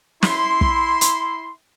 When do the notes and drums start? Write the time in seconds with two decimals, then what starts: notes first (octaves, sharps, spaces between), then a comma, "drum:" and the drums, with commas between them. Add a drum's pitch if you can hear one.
0.23 E4 C6, drum: snare
0.61 drum: kick
1.01 drum: hi-hat